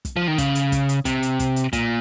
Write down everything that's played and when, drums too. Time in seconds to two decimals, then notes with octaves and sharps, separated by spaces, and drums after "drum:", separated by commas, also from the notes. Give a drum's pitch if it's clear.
0.05 drum: kick, hi-hat
0.16 F3
0.28 D#3
0.38 C#3, drum: kick, hi-hat
0.55 drum: hi-hat
0.72 drum: kick, hi-hat
0.89 drum: hi-hat
1.05 C3, drum: kick, hi-hat
1.23 drum: hi-hat
1.39 drum: kick, hi-hat
1.56 drum: hi-hat
1.73 A#2, drum: kick, hi-hat